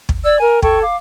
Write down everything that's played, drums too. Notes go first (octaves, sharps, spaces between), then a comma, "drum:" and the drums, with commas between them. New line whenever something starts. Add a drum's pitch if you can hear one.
drum: kick
D5 E6 G#6
A#4 G#5
A4 G5 C#6 G#6, drum: kick
F5 D6